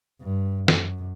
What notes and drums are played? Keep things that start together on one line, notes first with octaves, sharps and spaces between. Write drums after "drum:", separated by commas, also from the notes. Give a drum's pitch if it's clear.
G2
F#2, drum: snare